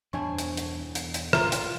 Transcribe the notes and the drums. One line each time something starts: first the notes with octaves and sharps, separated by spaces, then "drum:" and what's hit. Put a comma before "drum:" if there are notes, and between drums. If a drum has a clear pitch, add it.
E2 G2 B2 C4 D4 C#5 G#5
drum: hi-hat
drum: hi-hat
E2
drum: hi-hat
drum: hi-hat
A#1 D3 D#3 A#3 F4 F5 A#5, drum: rim click
drum: hi-hat